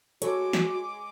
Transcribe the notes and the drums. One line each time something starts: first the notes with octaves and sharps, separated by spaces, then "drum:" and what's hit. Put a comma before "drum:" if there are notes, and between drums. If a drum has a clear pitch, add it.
G#3 F#4 A4 C#5 D6, drum: hi-hat
drum: snare